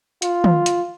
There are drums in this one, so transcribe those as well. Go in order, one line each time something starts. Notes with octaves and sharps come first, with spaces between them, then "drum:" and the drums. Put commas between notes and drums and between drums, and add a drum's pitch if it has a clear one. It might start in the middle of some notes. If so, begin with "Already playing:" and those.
F4, drum: hi-hat
drum: tom
drum: hi-hat